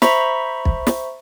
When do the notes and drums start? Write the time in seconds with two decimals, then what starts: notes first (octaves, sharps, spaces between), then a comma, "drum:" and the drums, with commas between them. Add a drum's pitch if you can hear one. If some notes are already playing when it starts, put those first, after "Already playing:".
0.02 C5 E5 A#5 B5 C#6 B6, drum: snare
0.65 drum: kick
0.87 drum: snare